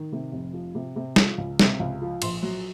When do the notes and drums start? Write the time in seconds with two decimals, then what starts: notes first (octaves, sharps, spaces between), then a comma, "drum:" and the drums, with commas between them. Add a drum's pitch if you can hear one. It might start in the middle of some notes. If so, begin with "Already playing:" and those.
Already playing: D#3
0.12 C3
0.32 F1
0.53 F3
0.75 C3
0.96 C3
1.16 F3, drum: snare
1.38 C#2
1.59 C3, drum: snare
1.80 C#2
2.02 F3
2.22 A#1 C6, drum: cymbal
2.43 F#3